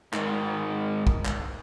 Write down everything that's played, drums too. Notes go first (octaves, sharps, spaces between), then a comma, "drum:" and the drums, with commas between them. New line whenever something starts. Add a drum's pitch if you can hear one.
G#2 D#3, drum: clap
drum: kick A#1
drum: clap